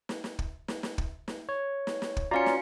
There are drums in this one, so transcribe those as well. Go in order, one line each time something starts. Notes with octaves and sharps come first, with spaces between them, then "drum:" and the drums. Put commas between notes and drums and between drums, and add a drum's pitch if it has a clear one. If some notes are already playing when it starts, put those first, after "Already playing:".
drum: snare
drum: snare
drum: kick
drum: snare
drum: snare
drum: kick
drum: snare
C#5
drum: snare
drum: snare
drum: kick
C#4 F4 F#4 D5 F5 G#5 A#5 C#7
drum: snare